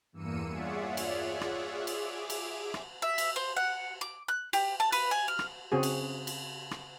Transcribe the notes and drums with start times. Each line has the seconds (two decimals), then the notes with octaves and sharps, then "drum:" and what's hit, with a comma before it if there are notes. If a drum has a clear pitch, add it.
0.13 E2 G2 A#3 E6 C#7 D#7
0.47 F4 G#4 C#5 D5 E5 F#5
0.97 drum: cymbal
1.41 drum: rim click
1.87 G#4 E5 D6, drum: cymbal
2.30 drum: cymbal
2.74 drum: rim click
3.02 E5
3.18 drum: cymbal
3.36 C5
3.57 F#5
4.01 D6
4.28 F#6
4.53 G4, drum: cymbal
4.80 A5
4.92 B4, drum: cymbal
5.11 G#5
5.28 F6
5.39 drum: rim click
5.72 C#3 C4 F#4 G#4
5.83 drum: cymbal
6.27 drum: cymbal
6.71 drum: rim click